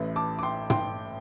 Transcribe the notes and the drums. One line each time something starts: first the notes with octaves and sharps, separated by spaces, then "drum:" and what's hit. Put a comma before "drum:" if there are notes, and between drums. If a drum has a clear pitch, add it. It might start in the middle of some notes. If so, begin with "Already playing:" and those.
Already playing: A1 A2 E3
A5 D6
D6
G5 C6
G5 C6, drum: tom